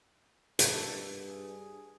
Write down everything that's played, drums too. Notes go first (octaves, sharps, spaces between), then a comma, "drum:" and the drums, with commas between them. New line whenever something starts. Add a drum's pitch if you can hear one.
G2 A4, drum: hi-hat
G#4